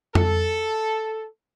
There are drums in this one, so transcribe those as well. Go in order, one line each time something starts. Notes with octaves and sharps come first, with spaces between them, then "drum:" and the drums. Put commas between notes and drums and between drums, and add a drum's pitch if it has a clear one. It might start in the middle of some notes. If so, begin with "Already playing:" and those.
A4, drum: tom F2